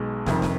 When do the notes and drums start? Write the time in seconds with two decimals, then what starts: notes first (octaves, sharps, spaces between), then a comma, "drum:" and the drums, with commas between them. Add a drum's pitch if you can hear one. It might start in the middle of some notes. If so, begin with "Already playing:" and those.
Already playing: B1 B2 G#3
0.26 F1 F2 C3 D#3, drum: snare
0.42 drum: snare